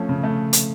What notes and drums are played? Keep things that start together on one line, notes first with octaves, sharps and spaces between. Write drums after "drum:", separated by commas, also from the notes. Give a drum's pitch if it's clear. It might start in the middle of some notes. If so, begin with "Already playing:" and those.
Already playing: F3 A3 C#4
C#3
A3
drum: hi-hat